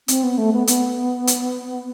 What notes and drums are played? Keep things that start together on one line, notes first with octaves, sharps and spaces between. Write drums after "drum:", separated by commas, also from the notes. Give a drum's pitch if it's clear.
C4, drum: hi-hat
B3
A3
B3
B3, drum: hi-hat
drum: hi-hat